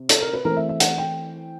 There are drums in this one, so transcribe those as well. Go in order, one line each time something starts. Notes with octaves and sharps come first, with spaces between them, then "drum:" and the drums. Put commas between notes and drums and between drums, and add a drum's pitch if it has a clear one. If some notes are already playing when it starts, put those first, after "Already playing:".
Already playing: C3
A4, drum: hi-hat
A#4
B4
E3 A3 C4 A#4
E5
E5
F#5, drum: hi-hat
G5